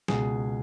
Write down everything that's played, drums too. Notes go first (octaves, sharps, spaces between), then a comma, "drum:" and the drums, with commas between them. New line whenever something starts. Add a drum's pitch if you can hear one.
C#2 B2 G#4, drum: snare